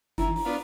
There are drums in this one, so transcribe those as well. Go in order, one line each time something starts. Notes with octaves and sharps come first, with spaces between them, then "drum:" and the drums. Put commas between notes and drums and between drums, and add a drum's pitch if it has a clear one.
E3 E4, drum: kick G1, hi-hat
E4, drum: open hi-hat
B3 D4 F4